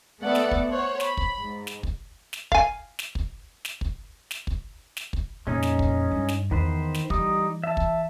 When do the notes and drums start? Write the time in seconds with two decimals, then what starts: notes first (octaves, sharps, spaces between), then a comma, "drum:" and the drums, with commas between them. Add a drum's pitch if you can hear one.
0.22 A3 B3 A4 D5 F#5
0.35 drum: snare
0.51 drum: kick
0.68 C5 C#5 F#5
1.00 B5, drum: snare
1.17 drum: kick
1.40 G#2
1.67 drum: snare
1.83 drum: kick
2.33 drum: snare
2.52 F5 G#5, drum: kick
2.99 drum: snare
3.15 drum: kick
3.65 drum: snare
3.81 drum: kick
4.31 drum: snare
4.47 drum: kick
4.97 drum: snare
5.13 drum: kick
5.47 F2 A#2 G#3 C#4 D#4
5.63 drum: snare
5.79 drum: kick
6.11 G2
6.29 drum: snare
6.51 E2 D#3 B4 C5
6.94 drum: snare
7.10 E3 G3 D#4 D#6, drum: kick
7.64 E5 A5
7.77 drum: kick